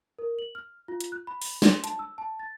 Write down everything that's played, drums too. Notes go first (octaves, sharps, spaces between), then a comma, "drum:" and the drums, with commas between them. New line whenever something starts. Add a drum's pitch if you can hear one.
A#4
F#7
F6
F4
drum: hi-hat
F#6
B5
drum: open hi-hat
C6, drum: snare
A5, drum: hi-hat
E6
A5
A6